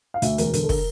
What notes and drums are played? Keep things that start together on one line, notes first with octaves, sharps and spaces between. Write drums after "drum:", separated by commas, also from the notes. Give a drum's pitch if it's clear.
F5
D2 E5, drum: hi-hat
E1 A#4, drum: hi-hat
D3 A#4, drum: hi-hat
A4
A#4, drum: kick, open hi-hat